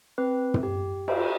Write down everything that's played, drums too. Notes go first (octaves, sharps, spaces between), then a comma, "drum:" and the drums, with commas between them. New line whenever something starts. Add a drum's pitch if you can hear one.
C4 B4
drum: tom
G4
G4 C5, drum: cymbal